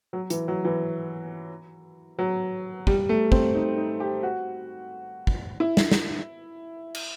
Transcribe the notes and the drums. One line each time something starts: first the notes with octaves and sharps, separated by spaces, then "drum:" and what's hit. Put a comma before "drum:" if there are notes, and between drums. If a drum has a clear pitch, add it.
F#3
E3, drum: hi-hat
F#3
E3
F#3
G3, drum: kick
A3
C4, drum: kick
D#4
D#4
G4
F#4
drum: kick
E4
drum: snare
drum: snare
drum: cymbal